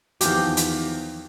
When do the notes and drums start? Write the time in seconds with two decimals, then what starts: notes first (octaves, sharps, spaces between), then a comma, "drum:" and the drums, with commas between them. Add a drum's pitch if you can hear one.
0.21 E2 D#3 F3 G4, drum: hi-hat
0.57 drum: hi-hat